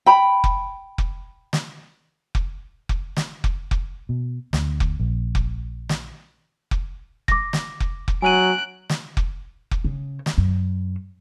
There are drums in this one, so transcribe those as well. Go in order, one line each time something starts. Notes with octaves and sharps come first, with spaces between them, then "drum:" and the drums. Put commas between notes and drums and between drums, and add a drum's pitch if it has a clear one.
G5 B5
drum: kick F1
drum: kick F1
drum: snare
drum: kick F1
drum: kick F1
drum: snare
drum: kick F1
drum: kick F1
B2
D2, drum: snare
drum: kick F1
A#1
drum: kick F1
drum: snare
drum: kick F1
D6 A#6, drum: kick F1
drum: snare
drum: kick F1
drum: kick F1
F#3 G#5 F#6 D7 D#7
drum: snare
drum: kick F1
drum: kick F1
C#3
drum: snare
F#2